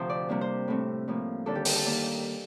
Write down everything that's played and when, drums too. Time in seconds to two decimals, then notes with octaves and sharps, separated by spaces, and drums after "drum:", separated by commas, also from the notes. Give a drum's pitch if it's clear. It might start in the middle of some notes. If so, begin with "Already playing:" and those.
Already playing: D2 C3 F3 C4 C5
0.10 D5
0.29 C3 G3 A#3 D4
0.41 C5
0.68 A2 A3 C4
1.08 A2 F3 A#3
1.46 D#2 D3 G3 A#3 D4 A4
1.55 G4
1.65 A4, drum: open hi-hat
1.75 A4
1.85 D#2 D#3 A#3 D4